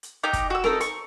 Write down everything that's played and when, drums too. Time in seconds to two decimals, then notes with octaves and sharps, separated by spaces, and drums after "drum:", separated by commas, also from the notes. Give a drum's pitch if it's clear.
0.03 drum: hi-hat
0.23 D#4 G4 A#5 F6
0.33 drum: kick, hi-hat
0.50 F#4 E6
0.64 D#4 A4 A#4, drum: snare C4
0.81 C#6, drum: hi-hat